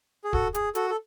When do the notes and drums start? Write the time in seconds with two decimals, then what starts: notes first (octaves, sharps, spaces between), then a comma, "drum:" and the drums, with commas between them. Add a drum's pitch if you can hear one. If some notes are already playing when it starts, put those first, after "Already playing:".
0.24 G#4
0.33 F#4 A4, drum: kick
0.54 G#4, drum: hi-hat
0.75 F#4 A4, drum: hi-hat
0.90 A4